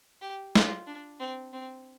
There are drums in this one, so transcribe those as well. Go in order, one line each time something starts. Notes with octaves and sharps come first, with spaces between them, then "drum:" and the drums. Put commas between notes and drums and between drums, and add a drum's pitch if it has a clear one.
G4
F4, drum: snare
D4
C4
C4